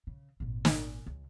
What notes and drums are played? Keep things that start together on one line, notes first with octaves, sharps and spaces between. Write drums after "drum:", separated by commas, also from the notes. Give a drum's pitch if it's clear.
C#3
G#1 A#2
drum: snare
C#2